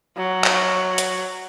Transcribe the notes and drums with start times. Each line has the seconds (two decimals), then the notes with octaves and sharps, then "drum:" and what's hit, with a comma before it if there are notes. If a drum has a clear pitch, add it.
0.17 F#3
0.44 drum: clap
0.98 drum: hi-hat